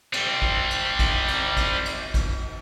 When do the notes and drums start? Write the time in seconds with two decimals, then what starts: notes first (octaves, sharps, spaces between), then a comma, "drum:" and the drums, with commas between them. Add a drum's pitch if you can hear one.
0.13 G3 C4, drum: cymbal
0.42 drum: kick A1
0.71 drum: cymbal
0.99 drum: kick A1, cymbal
1.28 drum: cymbal
1.57 drum: kick A1, cymbal
1.86 drum: cymbal
2.14 drum: kick A1, cymbal